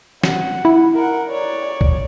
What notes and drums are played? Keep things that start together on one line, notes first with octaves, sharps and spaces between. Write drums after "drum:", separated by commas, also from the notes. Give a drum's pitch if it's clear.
F#5, drum: snare
E4
A#4 F#5
C#5 D5
drum: kick A#1